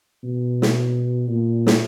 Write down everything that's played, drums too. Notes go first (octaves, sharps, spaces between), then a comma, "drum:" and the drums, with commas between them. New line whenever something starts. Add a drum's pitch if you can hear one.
B2
drum: snare
A#2
drum: snare